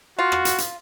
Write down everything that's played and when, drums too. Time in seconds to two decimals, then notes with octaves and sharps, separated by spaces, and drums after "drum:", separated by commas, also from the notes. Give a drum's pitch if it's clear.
0.19 F4 F#4
0.32 drum: rim click
0.45 drum: hi-hat
0.58 drum: hi-hat